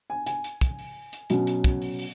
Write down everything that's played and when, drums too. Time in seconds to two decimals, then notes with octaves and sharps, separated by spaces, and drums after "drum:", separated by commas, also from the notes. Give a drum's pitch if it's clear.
0.10 G#5
0.26 G#5, drum: hi-hat
0.44 drum: hi-hat
0.61 drum: kick, hi-hat
0.79 drum: open hi-hat
1.13 drum: hi-hat
1.30 B2 F#3 C#4, drum: hi-hat
1.47 drum: hi-hat
1.64 drum: kick, hi-hat
1.82 drum: open hi-hat
1.99 drum: open hi-hat